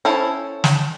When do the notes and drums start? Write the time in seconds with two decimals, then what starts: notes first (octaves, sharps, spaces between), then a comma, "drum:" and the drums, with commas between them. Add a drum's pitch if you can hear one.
0.05 C#4 E4 A4 C5
0.64 drum: snare